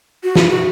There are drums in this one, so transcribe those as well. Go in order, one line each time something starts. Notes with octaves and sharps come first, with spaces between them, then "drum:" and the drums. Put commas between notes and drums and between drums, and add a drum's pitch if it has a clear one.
F#4
F4, drum: snare
F#4